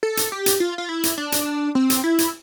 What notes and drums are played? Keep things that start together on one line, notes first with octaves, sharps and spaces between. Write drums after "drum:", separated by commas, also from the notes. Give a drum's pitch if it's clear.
A4
drum: hi-hat
G4
drum: hi-hat
F4
F4
E4
drum: hi-hat
D4
drum: hi-hat
C4
drum: hi-hat
E4
drum: hi-hat